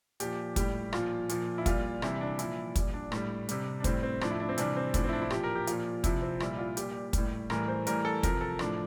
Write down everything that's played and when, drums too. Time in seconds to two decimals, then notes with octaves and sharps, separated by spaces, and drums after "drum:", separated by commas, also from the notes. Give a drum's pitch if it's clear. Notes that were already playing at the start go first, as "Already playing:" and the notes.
0.20 A#2 F3 G4, drum: hi-hat
0.56 A2 G3 G4, drum: kick, hi-hat
0.93 A#2 F3 F4, drum: rim click
1.29 A#2 F3, drum: hi-hat
1.58 E4
1.66 A#2 G3 F4, drum: kick, hi-hat
2.02 C3 E3 G3 E4, drum: rim click
2.21 D4
2.39 A#2 F3 E4, drum: hi-hat
2.75 A#2 G3, drum: kick, hi-hat
2.94 D4
3.12 A2 G3, drum: rim click
3.49 C3 G3, drum: hi-hat
3.80 D4
3.84 A2 G3 C4, drum: kick, hi-hat
4.03 C4
4.21 A2 F3 D4, drum: rim click
4.30 E4
4.40 D4
4.49 C4
4.58 C3 E3 G3 D4, drum: hi-hat
4.76 C4
4.94 A2 F3 D4, drum: kick, hi-hat
5.04 C4
5.08 E4
5.13 D4
5.22 E4
5.30 A#2 F3 G4, drum: rim click
5.44 A#4
5.55 G4
5.67 A#2 F3 F4, drum: hi-hat
6.04 C3 F3 E4, drum: kick, hi-hat
6.22 C4
6.40 A#2 G3 E4, drum: rim click
6.59 F4
6.77 A#2 G3 G4, drum: hi-hat
7.13 A2 G3, drum: kick, hi-hat
7.50 A2 E3 G3 A#4, drum: rim click
7.68 C5
7.87 A2 E3 G3 A#4, drum: hi-hat
8.05 A4
8.23 C3 F3 A#4, drum: kick, hi-hat
8.41 A4
8.59 A2 F3 D4, drum: rim click